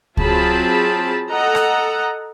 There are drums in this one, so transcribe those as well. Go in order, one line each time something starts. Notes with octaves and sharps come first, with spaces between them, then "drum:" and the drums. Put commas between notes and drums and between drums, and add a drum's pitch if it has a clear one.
F#3 C4 F4 G#4 A5 B5, drum: kick C#2
A4 D#5 F#5 A#5
drum: rim click